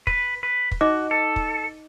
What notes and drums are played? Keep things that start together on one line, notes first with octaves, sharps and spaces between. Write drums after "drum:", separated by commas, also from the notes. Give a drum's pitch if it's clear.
B4, drum: kick
B4
drum: kick
D#4 F#4 D#5 D6
A4
drum: kick